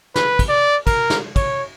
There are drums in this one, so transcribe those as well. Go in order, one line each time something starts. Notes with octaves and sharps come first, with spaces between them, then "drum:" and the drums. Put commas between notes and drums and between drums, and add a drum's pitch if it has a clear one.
B4, drum: snare
drum: kick, cymbal
D5
A#4, drum: kick, cymbal
drum: snare
C#5, drum: kick, cymbal